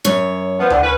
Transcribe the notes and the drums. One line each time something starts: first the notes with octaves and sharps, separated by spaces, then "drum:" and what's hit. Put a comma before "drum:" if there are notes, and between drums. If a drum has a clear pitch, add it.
F#2 C#5
F3 B3
A2 D3, drum: tom D2
C#4 B4